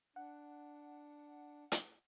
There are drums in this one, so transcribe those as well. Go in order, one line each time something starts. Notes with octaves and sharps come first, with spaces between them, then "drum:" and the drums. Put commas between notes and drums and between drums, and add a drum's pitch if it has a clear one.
D4 F#5
drum: hi-hat